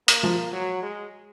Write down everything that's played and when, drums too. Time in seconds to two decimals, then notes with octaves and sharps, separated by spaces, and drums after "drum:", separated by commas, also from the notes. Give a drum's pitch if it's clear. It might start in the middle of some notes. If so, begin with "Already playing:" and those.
0.08 A#3, drum: hi-hat
0.23 F3
0.52 F#3
0.83 G#3